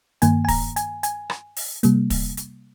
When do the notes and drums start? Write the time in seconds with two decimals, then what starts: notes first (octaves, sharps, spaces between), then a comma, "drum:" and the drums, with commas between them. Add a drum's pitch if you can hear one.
0.22 G2 D#3 A#3 G#5, drum: hi-hat
0.45 G#5
0.48 A#5, drum: kick, open hi-hat
0.76 G#5, drum: hi-hat
1.03 G#5, drum: hi-hat
1.30 drum: rim click
1.56 drum: open hi-hat
1.83 C3 G3 A#3, drum: hi-hat
2.10 drum: kick, open hi-hat
2.37 drum: hi-hat